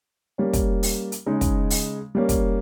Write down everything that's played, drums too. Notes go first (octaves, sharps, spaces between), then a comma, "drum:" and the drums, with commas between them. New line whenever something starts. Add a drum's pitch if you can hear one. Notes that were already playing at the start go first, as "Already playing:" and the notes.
G3 A#3 C#4
drum: kick, hi-hat
drum: open hi-hat
drum: hi-hat
C#3 G#3 D#4
drum: kick, hi-hat
drum: open hi-hat
G3 A#3 C#4
drum: kick, hi-hat